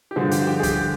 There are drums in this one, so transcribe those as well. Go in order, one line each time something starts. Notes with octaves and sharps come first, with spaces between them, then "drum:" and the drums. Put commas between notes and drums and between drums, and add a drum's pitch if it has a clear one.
G4
G2 D3 F3 F#4 G#4
G4, drum: hi-hat
F#4
G4
G#4
G4, drum: kick, hi-hat